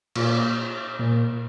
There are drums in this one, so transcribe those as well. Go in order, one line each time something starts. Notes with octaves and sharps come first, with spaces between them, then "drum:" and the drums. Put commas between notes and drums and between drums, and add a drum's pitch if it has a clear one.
A#2, drum: cymbal
A#2